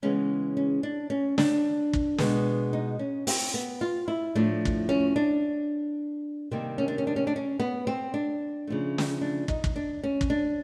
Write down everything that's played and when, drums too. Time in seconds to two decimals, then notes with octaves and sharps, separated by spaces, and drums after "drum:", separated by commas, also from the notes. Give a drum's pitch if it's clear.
0.02 C#3 E3 G#3 B3 C#4
0.57 C#4
0.83 D4
1.10 C#4
1.38 D4, drum: snare
1.93 drum: kick
2.18 B2 G#3 B3, drum: snare
2.73 D#4
2.99 C#4
3.27 C4, drum: open hi-hat
3.54 B3
3.81 F4
4.08 E4
4.35 A2 F3 A3 D4
4.65 drum: kick
4.89 C#4
5.16 D4
6.51 C3 D#3 G3 A#3 C4
6.78 C#4
6.88 D4
6.98 C#4
7.07 D4
7.16 C#4
7.27 D4
7.36 C#4
7.59 B3
7.87 C4
8.14 D4
8.67 C#3 F3 A3
8.98 drum: snare
9.21 D4
9.48 D#4, drum: kick
9.64 drum: kick
9.76 D4
10.03 C#4
10.21 drum: kick
10.30 D4